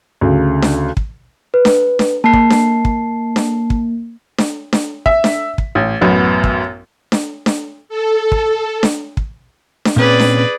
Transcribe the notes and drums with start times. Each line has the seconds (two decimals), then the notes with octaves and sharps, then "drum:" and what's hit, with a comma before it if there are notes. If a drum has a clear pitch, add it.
0.21 D2 C#3
0.63 drum: snare D4
0.97 drum: kick
1.54 B4
1.65 drum: snare D4
1.99 drum: snare D4
2.24 A#3 A5 C7
2.33 drum: kick
2.51 drum: snare D4
2.85 drum: kick
3.36 drum: snare D4
3.70 drum: kick
4.39 drum: snare D4
4.73 drum: snare D4
5.06 E5, drum: kick
5.24 drum: snare D4
5.58 drum: kick
5.75 A1
6.01 A1 F#2 B3
6.44 drum: kick
7.12 drum: snare D4
7.46 drum: snare D4
7.89 A4
8.32 drum: kick
8.83 drum: snare D4
9.17 drum: kick
9.85 drum: snare D4
9.96 A#2 C4 C#4 G#4 B4 D5
10.20 drum: snare D4